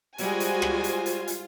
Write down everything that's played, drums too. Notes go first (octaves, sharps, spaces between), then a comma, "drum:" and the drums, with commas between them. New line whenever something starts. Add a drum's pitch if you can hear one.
G3 G#3 F4 F#4 C5 D#5 G#5, drum: hi-hat
drum: hi-hat
drum: rim click
drum: hi-hat
drum: hi-hat
drum: hi-hat